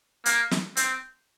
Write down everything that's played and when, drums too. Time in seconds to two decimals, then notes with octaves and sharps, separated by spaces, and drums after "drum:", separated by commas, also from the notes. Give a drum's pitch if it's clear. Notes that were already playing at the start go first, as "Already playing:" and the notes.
0.26 A#3, drum: hi-hat
0.51 drum: snare
0.77 C4, drum: hi-hat